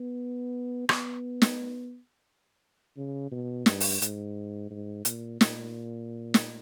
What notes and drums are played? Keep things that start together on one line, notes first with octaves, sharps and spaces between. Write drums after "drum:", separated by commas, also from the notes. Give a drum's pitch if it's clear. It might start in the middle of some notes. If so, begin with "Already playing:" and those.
Already playing: B3
B3, drum: rim click
drum: snare
C#3
B2
G2, drum: snare
drum: open hi-hat
G#2, drum: hi-hat
G#2
A#2, drum: hi-hat
A#2, drum: snare
drum: snare